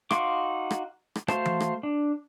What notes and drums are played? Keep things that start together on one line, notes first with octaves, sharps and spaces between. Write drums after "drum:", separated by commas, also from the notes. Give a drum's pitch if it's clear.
D#4 F#4 F5 C6 D6, drum: rim click
drum: rim click
drum: rim click
A3 F#4 C5 F5 A5, drum: rim click
drum: tom E3
drum: rim click
D4